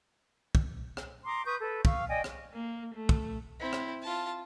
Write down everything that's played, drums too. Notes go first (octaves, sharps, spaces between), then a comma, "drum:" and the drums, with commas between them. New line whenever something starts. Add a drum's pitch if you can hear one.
drum: kick
drum: rim click
A#5 C6 D6 D#6
B4 C#6 D#6 G6
A4 B4
F5 C#6 E6 F6, drum: kick
D5 D#5 G5 G#5
drum: rim click
A#3
A3
drum: kick
C4 E4
drum: rim click
F4 A5